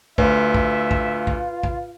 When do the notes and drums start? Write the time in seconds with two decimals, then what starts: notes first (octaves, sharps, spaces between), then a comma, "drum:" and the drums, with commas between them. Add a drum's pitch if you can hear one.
0.18 D2 F4 B4 E5, drum: kick
0.54 drum: kick
0.91 drum: kick
1.27 drum: kick
1.63 drum: kick